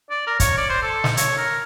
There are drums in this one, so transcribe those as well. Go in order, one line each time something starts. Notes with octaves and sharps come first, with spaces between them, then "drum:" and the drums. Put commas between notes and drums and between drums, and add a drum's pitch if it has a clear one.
D5
A#4
C#5, drum: kick, hi-hat
D5
C5
A4
drum: snare
C#5, drum: hi-hat
A#4